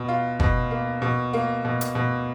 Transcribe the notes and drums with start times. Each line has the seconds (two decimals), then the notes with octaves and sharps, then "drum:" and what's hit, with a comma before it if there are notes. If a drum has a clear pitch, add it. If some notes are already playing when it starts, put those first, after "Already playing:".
Already playing: B2
0.08 F4
0.40 B2, drum: kick F#1
0.71 A#3
1.02 B2
1.33 A#3
1.65 B2
1.81 drum: hi-hat
1.95 B2